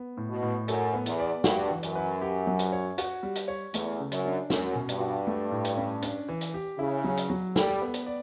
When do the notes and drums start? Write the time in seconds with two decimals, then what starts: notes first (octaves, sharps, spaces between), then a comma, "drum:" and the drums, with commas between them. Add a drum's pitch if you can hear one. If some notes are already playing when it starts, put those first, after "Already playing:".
Already playing: B3
0.17 A2
0.30 B2
0.43 A2
0.68 F#2 A4, drum: hi-hat
0.93 B3
1.06 E2, drum: hi-hat
1.20 D5
1.44 G2 F#4, drum: snare
1.70 E3
1.83 F#2, drum: hi-hat
1.96 B4
2.22 G4
2.47 F#3
2.59 drum: hi-hat
2.72 C#5
2.98 F#4, drum: hi-hat
3.23 G3
3.35 drum: hi-hat
3.48 C#5
3.74 E2 A3, drum: hi-hat
3.99 C#3
4.12 F#2, drum: hi-hat
4.25 D4
4.50 F#2 C#4, drum: snare
4.75 B2
4.89 G2, drum: hi-hat
5.00 F#4
5.27 A3
5.51 A2
5.65 drum: hi-hat
5.77 C#4
6.02 D4, drum: hi-hat
6.29 E3
6.41 drum: hi-hat
6.54 G4
6.79 C#3 E4
7.04 F#3
7.17 drum: hi-hat
7.30 F#3
7.56 G3 A4, drum: snare
7.81 B3
7.94 drum: hi-hat
8.06 D5